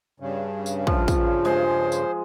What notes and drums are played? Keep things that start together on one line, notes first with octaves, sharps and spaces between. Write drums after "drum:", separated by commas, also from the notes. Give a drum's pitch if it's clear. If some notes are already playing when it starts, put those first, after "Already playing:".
G2 C#3
drum: tambourine
F3, drum: kick
drum: kick, tambourine
G#3 C5
drum: tambourine